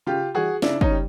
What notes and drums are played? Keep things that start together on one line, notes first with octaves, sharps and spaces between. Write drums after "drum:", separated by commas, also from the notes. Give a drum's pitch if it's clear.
C#3 F4 G4
E3 G3 F#4 G#4
C#3 D4 E4, drum: snare
C#4 D#4, drum: kick
G3